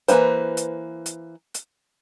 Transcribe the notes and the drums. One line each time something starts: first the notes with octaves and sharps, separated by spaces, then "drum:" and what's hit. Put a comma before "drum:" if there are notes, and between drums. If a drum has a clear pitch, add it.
E3 A#3 G#4 B4 C5, drum: hi-hat
drum: hi-hat
drum: hi-hat
drum: hi-hat